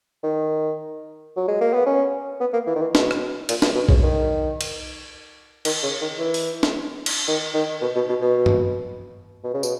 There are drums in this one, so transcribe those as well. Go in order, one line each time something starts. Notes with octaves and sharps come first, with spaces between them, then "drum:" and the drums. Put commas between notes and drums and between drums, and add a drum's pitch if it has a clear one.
D#3
F#3
G#3
A#3
B3
C#4
B3
A#3
E3
D#3
E3
B2, drum: snare
drum: rim click
A#2, drum: cymbal
B2, drum: snare
B2
C#3, drum: kick B1
D#3
drum: cymbal
D#3, drum: cymbal
C#3
D#3
E3
drum: open hi-hat
drum: snare
drum: cymbal
D#3
D#3
B2
B2
B2
B2
drum: tom G2
B2
C#3
B2, drum: tambourine